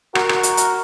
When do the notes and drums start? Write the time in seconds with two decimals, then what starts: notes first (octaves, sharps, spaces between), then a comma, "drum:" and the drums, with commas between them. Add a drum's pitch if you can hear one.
0.15 F#4 A#4, drum: rim click
0.29 drum: rim click
0.43 drum: hi-hat
0.57 drum: hi-hat